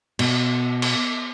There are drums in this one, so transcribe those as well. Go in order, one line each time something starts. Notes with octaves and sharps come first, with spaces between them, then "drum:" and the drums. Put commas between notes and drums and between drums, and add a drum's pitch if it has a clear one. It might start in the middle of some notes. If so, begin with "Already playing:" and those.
B2, drum: cymbal
drum: cymbal